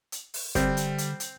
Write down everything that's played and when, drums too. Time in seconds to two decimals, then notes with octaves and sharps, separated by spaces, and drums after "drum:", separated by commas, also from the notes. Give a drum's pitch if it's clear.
0.12 drum: hi-hat
0.34 drum: open hi-hat
0.55 D3 G3 C4, drum: kick, hi-hat
0.77 drum: hi-hat
0.98 drum: hi-hat
1.20 drum: hi-hat